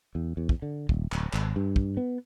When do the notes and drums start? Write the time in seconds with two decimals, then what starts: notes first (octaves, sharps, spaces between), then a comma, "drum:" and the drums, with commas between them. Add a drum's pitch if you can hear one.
0.15 E2
0.37 E2
0.49 drum: kick
0.62 D3
0.89 D#1, drum: kick
1.12 D1, drum: clap
1.33 G#1, drum: clap
1.56 G2
1.76 drum: kick
1.97 B3